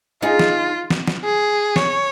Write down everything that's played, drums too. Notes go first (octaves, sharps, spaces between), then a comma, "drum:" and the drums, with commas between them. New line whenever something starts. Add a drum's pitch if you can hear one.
D#4 F4 G#4
drum: snare
drum: snare
drum: snare
G#4
C#5, drum: snare